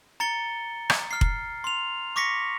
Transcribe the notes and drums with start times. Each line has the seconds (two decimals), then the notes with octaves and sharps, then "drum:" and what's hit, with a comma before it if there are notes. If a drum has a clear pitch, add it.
0.20 A#5 A6 C#7 G7
0.90 drum: rim click
1.11 F6 C7
1.21 drum: kick F1
1.64 C6 F7
2.16 C#6 D6 A#6 B6 C#7